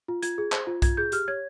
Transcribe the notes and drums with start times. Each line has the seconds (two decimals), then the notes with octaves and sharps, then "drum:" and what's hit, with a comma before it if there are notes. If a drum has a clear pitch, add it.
0.08 F4
0.22 F4 G#6, drum: hi-hat
0.38 G#4
0.52 C5, drum: clap
0.67 F4
0.82 F4 G#6, drum: kick B1, hi-hat
0.97 G#4 G6
1.12 G4 F6, drum: hi-hat
1.28 C#5 G#6